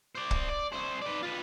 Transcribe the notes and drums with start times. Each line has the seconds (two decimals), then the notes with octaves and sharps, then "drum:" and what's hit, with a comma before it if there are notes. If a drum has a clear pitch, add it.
0.15 C5 D5
0.31 drum: kick
0.49 D5
0.72 C2 C5
1.02 B4 D5
1.23 F4 B4